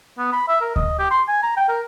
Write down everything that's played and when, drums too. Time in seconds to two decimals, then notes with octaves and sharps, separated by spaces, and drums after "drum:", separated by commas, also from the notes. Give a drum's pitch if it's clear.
0.18 B3
0.33 B5
0.48 E5
0.61 A#4
0.76 D#5, drum: kick D2
0.99 G4
1.11 C6
1.28 G#5
1.43 A#5
1.57 G5
1.69 A#4